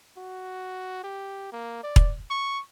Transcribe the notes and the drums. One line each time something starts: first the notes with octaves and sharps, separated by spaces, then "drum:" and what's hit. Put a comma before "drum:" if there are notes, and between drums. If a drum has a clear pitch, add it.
F#4
G4
A#3
D5
drum: kick E1
C#6